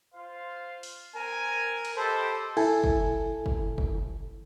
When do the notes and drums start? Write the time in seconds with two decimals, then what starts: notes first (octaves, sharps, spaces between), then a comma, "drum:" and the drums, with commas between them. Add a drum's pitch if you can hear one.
0.14 F4 C5 F5
0.83 drum: open hi-hat
1.15 C4 A#4 G#5
1.85 drum: cymbal
1.96 G4 A4 C5 D#5 B5
2.57 E4 A4 G#5, drum: cymbal
2.84 drum: kick
3.46 drum: kick
3.78 drum: kick